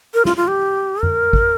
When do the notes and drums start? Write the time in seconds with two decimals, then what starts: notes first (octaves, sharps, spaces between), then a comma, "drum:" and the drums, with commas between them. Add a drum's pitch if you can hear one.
0.14 A#4
0.25 F4, drum: snare
0.37 F4
0.48 G4
1.03 A#4, drum: tom F2
1.33 drum: kick